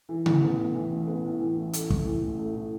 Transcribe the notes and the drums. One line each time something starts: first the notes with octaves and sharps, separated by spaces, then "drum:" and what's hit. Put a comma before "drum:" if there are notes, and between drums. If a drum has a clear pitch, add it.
E3
A1, drum: tom C#3
B3
A2
E3
A1
B3
A2
E3
A1
A3, drum: hi-hat
A2, drum: kick
E3
A1
A3
A2